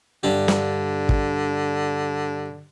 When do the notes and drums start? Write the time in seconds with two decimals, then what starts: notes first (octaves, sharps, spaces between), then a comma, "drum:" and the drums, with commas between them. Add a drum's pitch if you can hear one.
0.23 G2 D3 D4 G4
0.48 drum: snare
1.09 drum: kick